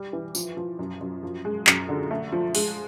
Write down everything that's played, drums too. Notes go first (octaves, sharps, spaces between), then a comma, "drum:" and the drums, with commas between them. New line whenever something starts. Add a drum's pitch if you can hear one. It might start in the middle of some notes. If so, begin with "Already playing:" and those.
Already playing: G3
E3
F3, drum: tambourine
F3
F#2
F#2
F3
G#3
F#2, drum: clap
D3
A3
F3
G#3, drum: open hi-hat